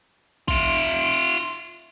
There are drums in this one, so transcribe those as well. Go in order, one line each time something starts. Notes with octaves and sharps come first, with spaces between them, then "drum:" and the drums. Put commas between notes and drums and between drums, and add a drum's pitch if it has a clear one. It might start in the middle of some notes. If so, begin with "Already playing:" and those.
F4 E5, drum: kick